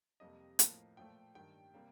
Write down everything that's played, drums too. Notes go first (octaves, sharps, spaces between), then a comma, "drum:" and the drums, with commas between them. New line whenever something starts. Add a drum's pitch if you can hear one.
F2 C3 G3 A#3 D#5
A2 F3 A#3, drum: hi-hat
A#2 F3 A3 G5
G2 D#3 G3 G5
C3 G3 A#3